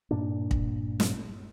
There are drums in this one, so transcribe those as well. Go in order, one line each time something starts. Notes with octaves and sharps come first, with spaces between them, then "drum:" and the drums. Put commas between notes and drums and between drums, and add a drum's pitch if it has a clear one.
G2 A#2 A#3 D4
drum: kick
drum: snare